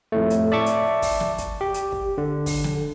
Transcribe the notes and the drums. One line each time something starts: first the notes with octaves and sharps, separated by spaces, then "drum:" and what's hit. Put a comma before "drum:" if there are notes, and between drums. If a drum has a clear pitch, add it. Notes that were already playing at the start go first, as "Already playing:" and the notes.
F2 A2 A3
drum: hi-hat
D5 E5 A5 C#6 D6
drum: hi-hat
drum: kick, open hi-hat
drum: snare
drum: kick, hi-hat
G4
drum: hi-hat
drum: kick
D3
drum: kick, open hi-hat
drum: snare